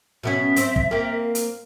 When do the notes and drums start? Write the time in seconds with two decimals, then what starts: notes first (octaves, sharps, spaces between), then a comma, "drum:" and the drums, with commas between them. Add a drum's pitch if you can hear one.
0.23 B2 B3 C#4 E5
0.56 C4 C5, drum: hi-hat
0.76 drum: kick
0.91 A#3 C4
1.35 drum: hi-hat